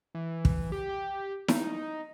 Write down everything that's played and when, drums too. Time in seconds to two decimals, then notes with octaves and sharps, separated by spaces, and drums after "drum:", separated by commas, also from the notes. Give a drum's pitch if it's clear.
0.15 E3
0.45 drum: kick
0.72 G4
0.89 G4
1.48 D#4, drum: snare E4